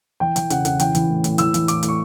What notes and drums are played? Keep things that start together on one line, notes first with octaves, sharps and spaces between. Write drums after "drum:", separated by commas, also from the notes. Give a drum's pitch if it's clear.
E3 G5
E3 G5, drum: hi-hat
C#3 F#5, drum: hi-hat
C#3 F#5, drum: hi-hat
E3 G5, drum: hi-hat
E3, drum: hi-hat
A2
A2, drum: hi-hat
E3 E6, drum: hi-hat
E3, drum: hi-hat
A2 D6, drum: hi-hat
A2, drum: hi-hat
C#6